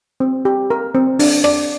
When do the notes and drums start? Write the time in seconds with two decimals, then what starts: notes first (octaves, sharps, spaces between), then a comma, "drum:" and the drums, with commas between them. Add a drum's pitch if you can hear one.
0.20 C4
0.45 G4
0.70 A#4
0.95 C4
1.19 D4, drum: open hi-hat
1.44 D5, drum: rim click